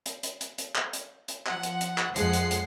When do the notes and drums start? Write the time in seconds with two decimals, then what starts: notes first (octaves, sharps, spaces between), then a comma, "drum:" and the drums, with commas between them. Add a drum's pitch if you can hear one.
0.06 drum: hi-hat
0.23 drum: hi-hat
0.41 drum: hi-hat
0.58 drum: hi-hat
0.76 drum: clap
0.93 drum: hi-hat
1.28 drum: hi-hat
1.47 F3 F#5, drum: clap
1.63 drum: hi-hat
1.81 drum: hi-hat
1.98 drum: clap
2.16 F2 F3 G#3 F#5 C7, drum: hi-hat
2.33 drum: hi-hat
2.51 drum: hi-hat